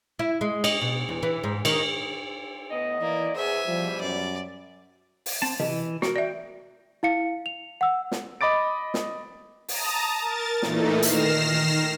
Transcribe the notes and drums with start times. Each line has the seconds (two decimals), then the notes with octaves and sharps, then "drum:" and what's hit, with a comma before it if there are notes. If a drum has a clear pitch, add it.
0.19 E4
0.41 G#3
0.64 D#5, drum: cymbal
0.81 B2
1.09 E2
1.23 E3
1.44 G#2
1.65 D#3, drum: cymbal
2.71 A2 B3 D#5
3.00 D#3 E3 A#3 E4 D5
3.35 E2 E3 G#4 C5 E5 G#5
3.67 B2 F3 G3
4.00 F#2 D5
5.26 drum: open hi-hat
5.42 C4 A5
5.60 E3 D#5, drum: tom C3
6.02 F#4 A#4, drum: snare
6.16 D5 E5 G5
7.03 E4 F5 C#7
7.46 F7
7.81 F#5 E6
8.12 drum: snare
8.41 D#5 B5 D6 A6 D7
8.94 drum: snare
9.69 A5 A#5 D#6, drum: open hi-hat
10.20 A#4 A6
10.62 A#2 E3 A3 D#4, drum: snare
11.02 D#3 F6 A#6 C7 E7, drum: hi-hat